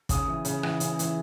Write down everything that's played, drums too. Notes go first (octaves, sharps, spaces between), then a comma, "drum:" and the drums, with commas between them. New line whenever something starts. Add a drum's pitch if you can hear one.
C#3 D#6, drum: kick, hi-hat
E3
C#3, drum: hi-hat
E3, drum: rim click
C#3, drum: hi-hat
E3, drum: hi-hat